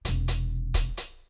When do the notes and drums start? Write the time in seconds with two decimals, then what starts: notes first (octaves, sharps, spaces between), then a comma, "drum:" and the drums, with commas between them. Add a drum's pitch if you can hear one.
0.05 E1 C3, drum: hi-hat
0.28 drum: hi-hat
0.74 drum: kick C#1, hi-hat
0.97 drum: hi-hat